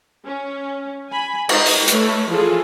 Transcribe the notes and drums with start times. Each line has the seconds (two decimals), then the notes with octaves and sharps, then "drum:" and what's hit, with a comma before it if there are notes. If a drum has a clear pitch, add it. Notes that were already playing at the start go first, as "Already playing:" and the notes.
0.25 C#4
1.10 G#5 B5
1.49 G#3 D#4, drum: cymbal
1.66 drum: open hi-hat
1.88 A3 B4 C#5, drum: hi-hat
2.28 E3 F3 F4 G#4 A4